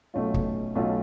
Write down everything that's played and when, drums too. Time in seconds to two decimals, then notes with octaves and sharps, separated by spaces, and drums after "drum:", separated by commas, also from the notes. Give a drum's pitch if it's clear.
0.14 B1 B2 A3 C#4 F4
0.34 drum: kick
0.75 B1 B2 A3 C#4 F4